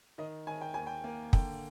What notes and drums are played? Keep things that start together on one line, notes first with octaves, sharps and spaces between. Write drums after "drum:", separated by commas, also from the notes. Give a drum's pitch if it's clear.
D#3 D#5
D#3 G#5
G5
D#2 G#5
G5
A#3
D3 G5, drum: kick